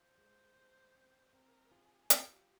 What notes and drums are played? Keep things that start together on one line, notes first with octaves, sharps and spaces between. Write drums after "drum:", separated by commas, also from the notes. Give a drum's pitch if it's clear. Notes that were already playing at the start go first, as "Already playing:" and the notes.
Already playing: F4 C5
G#3
G#3
C4
C4 A#4
F4 G#4
F4 G4, drum: hi-hat